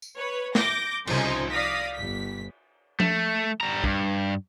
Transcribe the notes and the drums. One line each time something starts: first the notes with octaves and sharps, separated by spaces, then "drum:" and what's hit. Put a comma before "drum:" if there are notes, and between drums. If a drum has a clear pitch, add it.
drum: tambourine
B4 C#5
D6 G6 A#6, drum: snare
C2 C#3 F3 D#4 C5 G#5, drum: cymbal
D5 F5 D#6 A#6 B6
G1 B6
A3, drum: tom F3
G3 A#5
G2, drum: kick